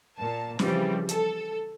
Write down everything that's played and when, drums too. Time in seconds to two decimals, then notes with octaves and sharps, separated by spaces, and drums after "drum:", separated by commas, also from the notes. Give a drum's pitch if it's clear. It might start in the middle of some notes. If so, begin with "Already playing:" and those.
0.18 A#2 A5
0.59 C#3 E3 F3 G3 C4, drum: snare C#4
1.09 A4, drum: hi-hat